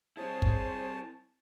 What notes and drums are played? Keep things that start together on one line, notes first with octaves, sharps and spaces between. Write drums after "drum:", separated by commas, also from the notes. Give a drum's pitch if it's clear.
C4 E4 G#4 C5 C#5 A5
drum: kick